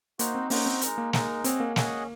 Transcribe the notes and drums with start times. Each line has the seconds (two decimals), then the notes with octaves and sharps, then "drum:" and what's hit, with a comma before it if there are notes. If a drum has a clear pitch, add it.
0.19 A#3 D#4 F#4 C5, drum: hi-hat
0.35 C4
0.50 A#3 C#4 D#4 F#4 C5, drum: open hi-hat
0.66 C4
0.81 G#3 D#4 A#4, drum: hi-hat
0.98 A#3
1.13 G#3 D#4 A#4, drum: snare
1.44 C4 C#4 G#4 D#5 F#5, drum: hi-hat
1.60 A#3
1.76 C#4 G#4 D#5 F#5, drum: snare